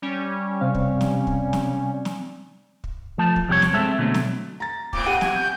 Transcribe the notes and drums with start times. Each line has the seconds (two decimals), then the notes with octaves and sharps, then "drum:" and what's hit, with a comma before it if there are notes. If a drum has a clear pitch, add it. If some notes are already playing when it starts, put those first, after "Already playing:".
0.02 G3 C#4
0.61 C3 C4 F5
0.75 drum: kick
1.01 drum: snare
1.27 drum: kick
1.53 drum: snare
2.05 drum: snare
2.84 drum: kick
3.18 F3 A3 A5
3.36 drum: kick
3.48 F2 C3 G3 G#4 C#5
3.62 drum: snare
3.73 G#3 C4 A4 E5
3.98 B2 D3 F#3 A3
4.14 drum: snare
4.60 A#5 A6
4.93 A2 B3 C4 D6, drum: kick
5.06 G4 F#5 G5 D#7
5.21 A#2 G#5, drum: snare
5.35 G6